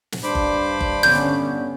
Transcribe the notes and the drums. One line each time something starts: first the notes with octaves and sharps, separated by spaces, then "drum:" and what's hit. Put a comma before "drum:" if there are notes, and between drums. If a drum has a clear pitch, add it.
drum: snare
G2 D4 C5 B5 D6
drum: kick F#1
drum: kick F#1
D3 B3 C#4 G6, drum: snare